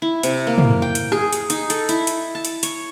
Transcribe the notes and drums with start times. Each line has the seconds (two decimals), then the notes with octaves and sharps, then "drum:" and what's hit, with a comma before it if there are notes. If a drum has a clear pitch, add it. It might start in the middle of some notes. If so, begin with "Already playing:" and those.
0.02 E4
0.23 C3, drum: hi-hat
0.47 A#3
0.58 drum: tom
0.82 G5
0.95 drum: hi-hat
1.12 G#4, drum: rim click
1.33 drum: hi-hat
1.50 D#4, drum: hi-hat
1.70 A4, drum: hi-hat
1.89 E4, drum: hi-hat
2.07 drum: hi-hat
2.35 A5
2.45 drum: hi-hat
2.63 C#5, drum: hi-hat